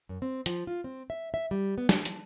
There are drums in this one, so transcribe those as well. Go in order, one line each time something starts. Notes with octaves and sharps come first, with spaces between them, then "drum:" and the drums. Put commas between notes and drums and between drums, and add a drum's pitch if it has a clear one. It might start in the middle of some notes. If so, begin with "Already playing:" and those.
F#2
C4
F3, drum: hi-hat
F4
C4
E5
E5
G3
B3
A5, drum: snare
drum: hi-hat